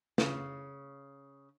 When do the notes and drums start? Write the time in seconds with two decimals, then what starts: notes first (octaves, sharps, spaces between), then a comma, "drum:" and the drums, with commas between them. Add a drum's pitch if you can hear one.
0.18 C#3, drum: snare